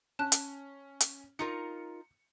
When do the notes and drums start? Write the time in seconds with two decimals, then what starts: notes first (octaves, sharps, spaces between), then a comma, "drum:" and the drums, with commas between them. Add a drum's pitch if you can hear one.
0.19 C#4 A5 F#6
0.32 drum: hi-hat
1.00 drum: hi-hat
1.39 D#4 F4 A#4 C#7